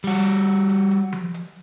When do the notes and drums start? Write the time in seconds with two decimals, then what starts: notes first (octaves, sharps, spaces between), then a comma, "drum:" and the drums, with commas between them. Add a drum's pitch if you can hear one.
0.04 G3 F#4, drum: hi-hat
0.26 drum: hi-hat
0.47 drum: hi-hat
0.69 drum: hi-hat
0.91 drum: hi-hat
1.13 drum: tom F3
1.34 drum: hi-hat